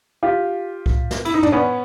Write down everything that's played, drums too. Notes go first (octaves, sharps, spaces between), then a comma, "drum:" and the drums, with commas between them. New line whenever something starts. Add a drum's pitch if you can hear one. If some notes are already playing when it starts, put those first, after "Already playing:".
F4 G4
drum: kick C2
drum: snare
E4, drum: cymbal
D#4
D4, drum: tom
B3 C#4